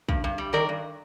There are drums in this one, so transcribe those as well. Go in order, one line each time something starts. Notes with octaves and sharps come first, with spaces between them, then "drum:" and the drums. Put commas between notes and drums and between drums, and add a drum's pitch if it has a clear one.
G2, drum: kick
G2
G3
D#3 A#4 D5
G2